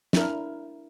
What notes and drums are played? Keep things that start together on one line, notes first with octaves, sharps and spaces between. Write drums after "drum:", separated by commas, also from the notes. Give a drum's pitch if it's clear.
D4 E4 A#4, drum: snare